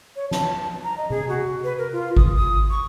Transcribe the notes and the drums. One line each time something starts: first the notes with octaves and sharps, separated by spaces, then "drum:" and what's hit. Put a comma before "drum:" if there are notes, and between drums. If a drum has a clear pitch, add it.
C#5
A5, drum: snare
A#5
D#5
G#4, drum: tom C3
F#4
B4
A#4
F4
D#6, drum: kick G#1
D#6
C#6